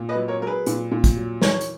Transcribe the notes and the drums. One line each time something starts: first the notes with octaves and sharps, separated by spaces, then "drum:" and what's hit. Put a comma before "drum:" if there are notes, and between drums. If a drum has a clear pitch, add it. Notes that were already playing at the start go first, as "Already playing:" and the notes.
Already playing: A#2
B4 D#5
F#3
A#4 C#5
F#3 A#4
G#4 B4
A#2, drum: hi-hat
A#2
drum: kick, hi-hat
F#3
E3 A#4 C#5, drum: snare
drum: hi-hat